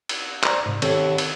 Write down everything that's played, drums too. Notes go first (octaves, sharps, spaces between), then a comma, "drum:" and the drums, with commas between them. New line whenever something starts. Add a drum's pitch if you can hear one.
drum: cymbal
C5 D5 A#5 C6, drum: clap
G#2 C3
D#3 C4 G4 A4 C#5, drum: cymbal
drum: cymbal